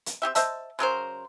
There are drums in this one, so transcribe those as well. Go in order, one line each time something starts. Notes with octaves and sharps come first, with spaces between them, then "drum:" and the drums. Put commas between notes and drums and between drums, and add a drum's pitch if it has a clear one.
drum: hi-hat
C4 D#4 G4 E5
C5 D#5 E5 A5, drum: hi-hat
C#3 F#3 A#4 C5